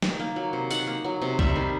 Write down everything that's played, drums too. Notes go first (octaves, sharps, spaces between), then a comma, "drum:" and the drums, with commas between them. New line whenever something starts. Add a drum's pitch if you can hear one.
D#3 G5, drum: snare
A#3
F#3
C3
D#3 F#5, drum: tambourine
A#3
F#3
C3
G3 E5, drum: kick
D#3